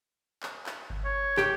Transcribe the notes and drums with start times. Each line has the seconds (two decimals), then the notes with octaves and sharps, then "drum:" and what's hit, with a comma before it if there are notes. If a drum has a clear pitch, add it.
0.43 drum: clap
0.66 drum: clap
0.90 drum: kick G1
1.05 C#5
1.37 G4, drum: clap